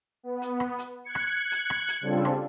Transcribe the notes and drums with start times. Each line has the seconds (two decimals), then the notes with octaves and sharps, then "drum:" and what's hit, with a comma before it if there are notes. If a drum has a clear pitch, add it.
0.23 B3
0.42 drum: hi-hat
0.60 drum: rim click
0.78 drum: hi-hat
1.04 F#6 G#6 C#7
1.15 drum: rim click
1.52 drum: hi-hat
1.70 drum: rim click
1.88 drum: hi-hat
2.01 C#3 G3 C4 D4 F4 A4
2.25 drum: rim click